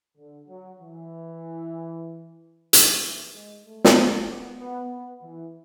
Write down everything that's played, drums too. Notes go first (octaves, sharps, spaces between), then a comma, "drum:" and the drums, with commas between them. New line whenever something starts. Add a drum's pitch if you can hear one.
D3
F#3
E3
drum: hi-hat
E3
G#3
A3
drum: snare
A3
B3
B3
B3
E3